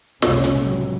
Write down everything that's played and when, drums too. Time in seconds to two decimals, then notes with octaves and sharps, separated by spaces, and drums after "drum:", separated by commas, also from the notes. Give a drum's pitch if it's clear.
0.22 C2 F2 A#2 C#3 G#3 C#4, drum: snare
0.44 drum: hi-hat
0.59 E2 A2 F#3 G3